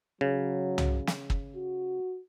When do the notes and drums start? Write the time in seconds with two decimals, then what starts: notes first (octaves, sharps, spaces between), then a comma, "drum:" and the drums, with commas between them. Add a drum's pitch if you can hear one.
0.21 C#3 F#3
0.78 drum: tom C2
1.07 drum: snare
1.30 drum: kick
1.56 F#4